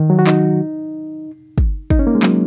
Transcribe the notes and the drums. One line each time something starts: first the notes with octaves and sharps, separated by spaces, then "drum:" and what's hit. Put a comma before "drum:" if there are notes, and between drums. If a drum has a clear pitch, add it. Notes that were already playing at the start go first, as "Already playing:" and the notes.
Already playing: D#3
F#3
F#4
D#4, drum: clap
drum: kick
D#4, drum: kick
C#4
A#3
G#3
F#3, drum: clap